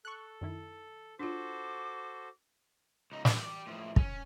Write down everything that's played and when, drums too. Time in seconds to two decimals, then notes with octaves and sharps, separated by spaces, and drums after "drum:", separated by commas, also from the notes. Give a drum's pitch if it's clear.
0.05 A4 C#6 F#6
0.41 F#2 D#3 E4
1.19 D4 F4 F#4 A4 C5 D6
3.12 C#2 D#4
3.25 G2, drum: snare
3.43 G4 D5
3.67 A2 F3
3.96 C#4, drum: kick